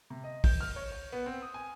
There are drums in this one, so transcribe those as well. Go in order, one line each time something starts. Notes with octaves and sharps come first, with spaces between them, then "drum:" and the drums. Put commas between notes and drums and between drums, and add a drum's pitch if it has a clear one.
C3
D#5
G6, drum: kick, open hi-hat
F6
C#5
C#5
B3
C4
D#6
G#5